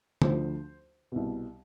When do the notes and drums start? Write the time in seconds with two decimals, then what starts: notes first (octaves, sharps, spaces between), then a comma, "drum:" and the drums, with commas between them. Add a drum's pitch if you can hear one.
0.22 D2 D3 F3 C5, drum: tom
1.12 C2 B2